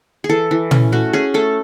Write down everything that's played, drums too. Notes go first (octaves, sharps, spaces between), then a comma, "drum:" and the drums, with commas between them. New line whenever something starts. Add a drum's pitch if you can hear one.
G#4
E3 A4
E3
C#4, drum: tom
A3 F#4
C#4 G#4
A3 A4